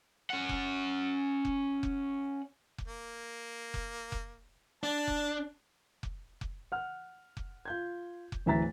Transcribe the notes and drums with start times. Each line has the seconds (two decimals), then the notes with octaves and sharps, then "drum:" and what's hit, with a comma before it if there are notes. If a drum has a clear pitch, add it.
0.30 C#4 F#5
0.49 drum: kick F1
1.45 drum: kick F1
1.83 drum: kick F1
2.78 drum: kick F1
2.88 A#3
3.74 drum: kick F1
4.12 drum: kick F1
4.83 D4 A5
5.08 drum: kick F1
6.03 drum: kick F1
6.41 drum: kick F1
6.72 F#5 F6
7.37 drum: kick F1
7.65 F4 G6 G#6
8.32 drum: kick F1
8.46 D1 E3 E5 A#5 A6 B6